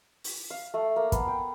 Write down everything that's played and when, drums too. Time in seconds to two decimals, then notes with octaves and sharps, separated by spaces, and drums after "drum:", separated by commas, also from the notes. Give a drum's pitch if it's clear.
0.24 drum: open hi-hat
0.50 F5
0.74 A3
0.96 A#3
1.12 B3, drum: kick, hi-hat
1.27 G5